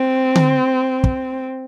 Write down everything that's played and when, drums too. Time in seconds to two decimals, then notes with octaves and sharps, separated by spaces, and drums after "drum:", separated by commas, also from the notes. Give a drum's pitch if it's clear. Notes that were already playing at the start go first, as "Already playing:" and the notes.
Already playing: C4
0.36 drum: tom D3
1.04 drum: kick